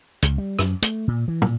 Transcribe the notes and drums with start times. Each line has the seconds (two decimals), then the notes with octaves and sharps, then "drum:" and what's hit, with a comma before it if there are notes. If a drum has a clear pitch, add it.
0.22 C#2, drum: hi-hat
0.38 G3
0.59 F#2, drum: rim click
0.82 A3, drum: hi-hat
1.08 A#2
1.28 E3
1.42 A#2, drum: tom